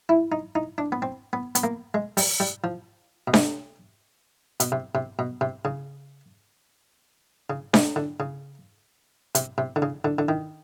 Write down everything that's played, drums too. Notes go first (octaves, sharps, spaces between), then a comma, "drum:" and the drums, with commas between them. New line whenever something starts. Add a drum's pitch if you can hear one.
E4
D#4
D#4
D4
B3
C4
B3
B3, drum: hi-hat
A#3
G#3
G3, drum: open hi-hat
G3
F3
B2
C3, drum: snare D4
B2, drum: hi-hat
C3
C3
B2
C3
C#3
C#3
C3, drum: snare D4
D3
C#3
C3, drum: hi-hat
C3
D3
C#3
D3
D3
D#3